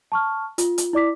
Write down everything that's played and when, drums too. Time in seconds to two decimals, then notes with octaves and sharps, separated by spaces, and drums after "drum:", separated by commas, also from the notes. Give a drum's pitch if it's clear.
0.12 A5 C#6 F6
0.58 F4, drum: hi-hat
0.78 drum: hi-hat
0.93 E4 D5 D6 B6